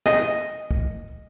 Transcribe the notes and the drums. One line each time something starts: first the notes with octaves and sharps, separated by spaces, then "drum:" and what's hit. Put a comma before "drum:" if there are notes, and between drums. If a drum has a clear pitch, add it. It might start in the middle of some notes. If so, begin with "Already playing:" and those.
D#5, drum: snare
drum: kick